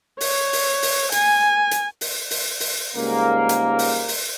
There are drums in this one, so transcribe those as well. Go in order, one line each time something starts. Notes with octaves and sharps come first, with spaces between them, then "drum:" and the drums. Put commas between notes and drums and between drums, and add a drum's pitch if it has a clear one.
C#5, drum: open hi-hat
drum: open hi-hat
drum: open hi-hat
G#5, drum: hi-hat
drum: hi-hat
drum: open hi-hat
drum: open hi-hat
drum: open hi-hat
C#2 G#2 G3 A#3
drum: hi-hat
drum: open hi-hat
drum: open hi-hat